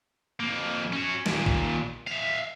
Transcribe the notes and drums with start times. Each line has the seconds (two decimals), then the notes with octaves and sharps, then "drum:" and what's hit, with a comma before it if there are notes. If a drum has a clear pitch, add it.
0.40 F2 A#3
0.93 C#4 F#4
1.26 D#2 A#2, drum: snare
1.46 drum: kick A1
2.07 E5 F5